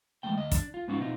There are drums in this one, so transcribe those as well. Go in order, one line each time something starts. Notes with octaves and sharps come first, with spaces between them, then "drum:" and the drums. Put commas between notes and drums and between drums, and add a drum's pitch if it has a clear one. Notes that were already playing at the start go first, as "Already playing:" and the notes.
E2 G#3 A3 G5
D2 D#5
D4, drum: kick, hi-hat
F4
G#2 B3 C#4 D#4 F4 F#4
B2 C4 D#4 F4